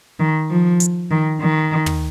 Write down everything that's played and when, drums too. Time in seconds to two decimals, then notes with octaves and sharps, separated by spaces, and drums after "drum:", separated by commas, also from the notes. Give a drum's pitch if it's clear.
0.20 D#3
0.51 F3
0.80 drum: hi-hat
1.11 D#3
1.41 D#3
1.86 drum: tom